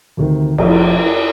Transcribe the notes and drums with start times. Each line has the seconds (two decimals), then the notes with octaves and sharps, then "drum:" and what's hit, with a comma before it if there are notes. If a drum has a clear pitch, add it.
0.17 D2 C3 D#3
0.58 F1 F2 C3, drum: cymbal